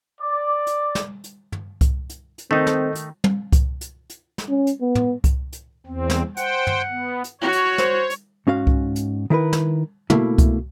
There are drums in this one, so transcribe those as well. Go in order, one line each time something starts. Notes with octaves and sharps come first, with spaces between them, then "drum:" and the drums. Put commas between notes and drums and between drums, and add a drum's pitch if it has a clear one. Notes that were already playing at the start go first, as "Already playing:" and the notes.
D5
drum: hi-hat
drum: snare
drum: hi-hat
drum: tom
drum: kick C2, hi-hat
drum: hi-hat
drum: hi-hat
D#3 A3 C4 D#4 A4 D#5
drum: snare
drum: hi-hat
drum: tom
drum: kick C2, hi-hat
drum: hi-hat
drum: hi-hat
drum: snare
C#4
drum: hi-hat
B3
drum: tom
drum: kick C2, hi-hat
drum: hi-hat
E2 C4
drum: snare
C5 F#5 G5, drum: hi-hat
drum: tom
B3
drum: hi-hat
F#4 C#5
drum: hi-hat
C5, drum: snare
drum: hi-hat
G#2 C#4 F#4 F5
drum: kick C2
drum: hi-hat
D#3 E4 A#4 B4
drum: snare
B2 A3 A#3 E4, drum: tom
drum: kick C2, hi-hat